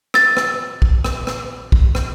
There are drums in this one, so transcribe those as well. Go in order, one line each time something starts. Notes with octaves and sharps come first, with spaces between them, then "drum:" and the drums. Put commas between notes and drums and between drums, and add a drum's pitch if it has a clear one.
E6 A6, drum: rim click
drum: rim click
drum: kick
drum: rim click
drum: rim click
drum: kick
drum: rim click